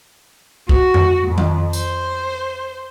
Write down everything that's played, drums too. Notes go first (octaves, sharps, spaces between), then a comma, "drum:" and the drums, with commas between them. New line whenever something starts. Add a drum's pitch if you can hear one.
F#4, drum: kick
drum: tom F2
F2
drum: tom D#3
C5, drum: tambourine